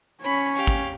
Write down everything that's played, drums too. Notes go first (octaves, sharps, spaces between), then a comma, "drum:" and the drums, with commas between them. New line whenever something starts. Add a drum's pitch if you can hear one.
C#4 C#5 B5
G4 F5
drum: kick